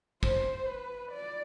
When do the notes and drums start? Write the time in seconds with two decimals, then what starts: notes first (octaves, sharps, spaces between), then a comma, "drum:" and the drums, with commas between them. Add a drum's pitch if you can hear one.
0.23 C5, drum: kick
0.66 B4
1.12 D5